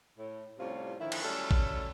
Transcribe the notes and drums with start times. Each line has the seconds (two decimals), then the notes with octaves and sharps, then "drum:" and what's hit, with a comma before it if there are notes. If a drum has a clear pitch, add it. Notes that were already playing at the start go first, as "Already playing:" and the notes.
0.18 A2
0.59 A2 C3 G3 C4 C#4 F4
0.99 D3 D#3 F3 A#3 E4
1.12 drum: cymbal
1.23 F#3 G3 A3 C#4 A4
1.51 drum: kick A1